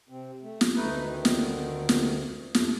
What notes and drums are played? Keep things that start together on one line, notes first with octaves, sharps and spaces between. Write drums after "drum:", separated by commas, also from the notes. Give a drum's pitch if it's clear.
C3 C4
A3
drum: snare
D2 A3 D#4 B4
D3 D#3
drum: snare
drum: snare
F#2 A3, drum: snare